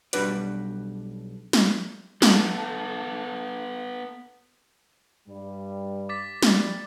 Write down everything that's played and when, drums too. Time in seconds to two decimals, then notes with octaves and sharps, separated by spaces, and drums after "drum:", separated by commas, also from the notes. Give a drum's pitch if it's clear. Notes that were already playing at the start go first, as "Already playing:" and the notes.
0.13 B1 G3 D4 F#4 B4 D5, drum: hi-hat
1.53 drum: snare
2.22 B3 A4, drum: snare
5.28 G2 G3
6.09 D6 A6 B6
6.43 G3 A6, drum: snare